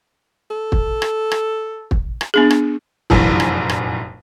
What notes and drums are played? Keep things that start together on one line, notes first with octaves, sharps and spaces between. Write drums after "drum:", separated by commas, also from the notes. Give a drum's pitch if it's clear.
A4
drum: kick
drum: rim click
drum: rim click
drum: kick
drum: rim click
B3 D4 G#4
drum: rim click
F1 A#1 F#2 E3, drum: kick
drum: rim click
drum: rim click